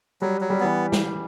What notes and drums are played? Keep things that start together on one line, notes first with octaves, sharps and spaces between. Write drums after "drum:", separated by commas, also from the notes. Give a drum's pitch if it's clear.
F#3 G3
F#3
G3
E3 B3
drum: snare